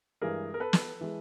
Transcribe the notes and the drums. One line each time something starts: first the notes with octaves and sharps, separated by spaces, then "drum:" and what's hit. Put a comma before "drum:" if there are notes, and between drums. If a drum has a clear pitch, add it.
G2 E3 G#3 G#4 A#4
A#4
A4 B4
drum: snare
E3 G#3